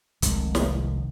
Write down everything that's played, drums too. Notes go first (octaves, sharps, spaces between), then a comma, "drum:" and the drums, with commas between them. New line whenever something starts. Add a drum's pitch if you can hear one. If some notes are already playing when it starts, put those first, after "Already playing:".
F1 C2 D#3 G#3, drum: hi-hat
drum: snare